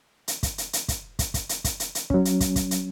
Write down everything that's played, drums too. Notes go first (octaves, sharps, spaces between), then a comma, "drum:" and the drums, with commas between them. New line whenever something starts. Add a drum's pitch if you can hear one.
drum: hi-hat
drum: kick, hi-hat
drum: hi-hat
drum: hi-hat
drum: kick, hi-hat
drum: kick, hi-hat
drum: kick, hi-hat
drum: hi-hat
drum: kick, hi-hat
drum: hi-hat
drum: hi-hat
F#3 C#4, drum: kick
drum: hi-hat
drum: kick, hi-hat
drum: kick, hi-hat
drum: hi-hat